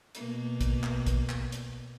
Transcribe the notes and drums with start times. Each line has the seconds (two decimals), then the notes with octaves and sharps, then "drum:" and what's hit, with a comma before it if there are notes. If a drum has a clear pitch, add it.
0.15 B2 A#3, drum: hi-hat
0.61 drum: kick, hi-hat
0.84 drum: clap
1.07 drum: kick, hi-hat
1.29 drum: clap
1.52 drum: hi-hat